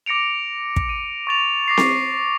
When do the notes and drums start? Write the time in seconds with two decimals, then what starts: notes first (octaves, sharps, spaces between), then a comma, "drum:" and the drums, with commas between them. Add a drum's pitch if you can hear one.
0.06 D6 A#6 C#7 D7 F7
0.76 drum: kick
0.89 D#7
1.27 C#6 A6 F7
1.68 D6 A#6 C7
1.77 drum: snare C4